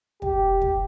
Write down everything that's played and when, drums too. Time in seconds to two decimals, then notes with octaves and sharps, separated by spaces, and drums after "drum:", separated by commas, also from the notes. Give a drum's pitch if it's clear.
0.22 G4, drum: kick
0.62 drum: kick